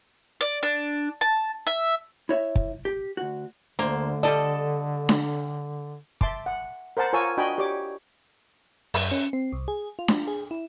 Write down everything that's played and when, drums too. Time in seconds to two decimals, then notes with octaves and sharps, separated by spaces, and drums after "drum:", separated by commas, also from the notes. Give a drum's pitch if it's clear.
0.41 D5
0.63 D4
1.21 A5
1.67 E5
2.29 E4 C#5 E5
2.56 drum: kick
2.85 G4
3.17 D2 F#4
3.79 D2 D3 A#3 C5
4.23 G3 A4 D5 D#5 A5
5.09 drum: snare D4
6.21 E5 A5 C6 D6, drum: kick
6.46 F#5
6.97 A#4 C5 F#5 A5
7.13 F4 A#4 C#5 G#5 A5 E6
7.37 D4 F#4 D#5 G5 G#5 B5
7.58 G4 C#5 D5 D6
8.94 F#2, drum: open hi-hat
9.11 C#4
9.33 C4
9.53 C2
9.68 G#4
9.99 F4
10.08 drum: snare D4
10.27 G#4
10.51 E4